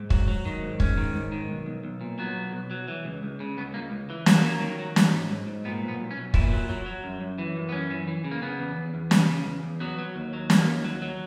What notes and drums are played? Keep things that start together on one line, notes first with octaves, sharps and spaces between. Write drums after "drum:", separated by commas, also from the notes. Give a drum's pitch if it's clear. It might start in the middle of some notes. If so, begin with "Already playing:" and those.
Already playing: G#2
F#3, drum: kick
F#3
D#3
G#2
G#2 C#4, drum: kick
D#3
G#2
D#3
B1
B1
B1
A#2
F#3 B3
B1
B1
F#3
E3
C#2
C#2
C#3
C#2 B3
C#2 A#3
C#2
E3
F#3 A#3, drum: snare
F#3
D#3
F#3
F#3, drum: snare
G#2
G#2
G#2
A#2 B3
B1
B3
B1
C#4
B1
A#2 E4, drum: kick
F#3
F#3
F#3
F#2
F#2
E3
F#2
B3
F#2 C#4
E3
E3
C#3
A#3
C#3 B3
E2
E2
E2
C#3, drum: snare
C#3
E2
E2
F#3 B3
F#3
D#2
F#3
F#3 A#3, drum: snare
D#2
F#3
F#3